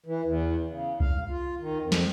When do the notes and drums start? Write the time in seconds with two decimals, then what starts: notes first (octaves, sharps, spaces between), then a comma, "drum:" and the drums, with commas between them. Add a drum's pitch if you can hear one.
0.06 E3
0.25 E2
0.70 C#3
1.00 F5, drum: kick C2
1.29 F4
1.60 D#3
1.82 F2
1.92 drum: snare